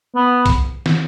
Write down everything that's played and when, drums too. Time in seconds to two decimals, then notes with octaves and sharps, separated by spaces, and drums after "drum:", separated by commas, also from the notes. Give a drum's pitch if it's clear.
0.15 B3
0.46 drum: kick B1, hi-hat
0.86 drum: snare